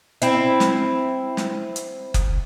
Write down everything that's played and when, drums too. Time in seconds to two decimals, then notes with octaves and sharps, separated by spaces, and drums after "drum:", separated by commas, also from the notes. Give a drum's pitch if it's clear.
0.22 C4 E4, drum: hi-hat
0.60 drum: snare
1.37 drum: snare
1.76 drum: hi-hat
2.14 drum: kick F#1, hi-hat